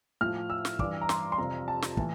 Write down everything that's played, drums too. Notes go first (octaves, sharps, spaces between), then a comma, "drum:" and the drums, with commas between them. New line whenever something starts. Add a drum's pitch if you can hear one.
A2 F3 F6
E6
drum: snare
G2 E3 D6, drum: kick
A#5
C6, drum: snare
C6
F2 C3 F3 A#5
A5
drum: snare
A2 E3, drum: kick